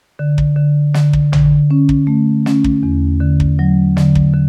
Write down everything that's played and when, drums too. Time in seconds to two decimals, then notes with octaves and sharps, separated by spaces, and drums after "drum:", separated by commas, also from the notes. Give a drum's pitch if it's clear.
0.19 D3
0.38 drum: kick
0.56 D3
0.94 D3, drum: snare
1.13 drum: kick
1.33 D3, drum: tom A1
1.71 C#4
1.89 drum: kick
2.07 A3
2.46 C#4, drum: snare
2.64 drum: kick
2.83 E2
3.20 D3
3.40 drum: kick
3.59 F#3
3.97 D3, drum: snare
4.15 drum: kick
4.34 D3